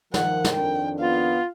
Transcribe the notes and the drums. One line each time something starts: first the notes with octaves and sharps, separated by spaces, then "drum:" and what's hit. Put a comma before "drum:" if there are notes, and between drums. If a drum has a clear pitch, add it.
D#3 F3 A#4 F#5, drum: snare
drum: snare
F2 D#3 D4 G5
B3 F4 F5